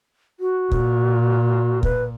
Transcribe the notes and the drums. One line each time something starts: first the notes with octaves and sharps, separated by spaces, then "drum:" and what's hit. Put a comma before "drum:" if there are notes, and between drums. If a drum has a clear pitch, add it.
F#4
A#2, drum: kick
B4, drum: kick